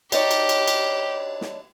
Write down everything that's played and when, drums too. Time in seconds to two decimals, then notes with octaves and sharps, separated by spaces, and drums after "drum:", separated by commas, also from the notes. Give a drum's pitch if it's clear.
0.12 D4 D#4 G4 C#5, drum: cymbal
0.31 drum: cymbal
0.49 drum: cymbal
0.68 drum: cymbal
1.41 drum: snare